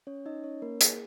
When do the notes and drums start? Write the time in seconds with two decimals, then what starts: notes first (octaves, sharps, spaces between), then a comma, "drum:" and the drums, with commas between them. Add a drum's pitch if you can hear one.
0.07 C#4 C#5
0.26 D#4 D#5
0.44 C#4 C#5
0.62 A#3 A#4
0.81 G#4, drum: hi-hat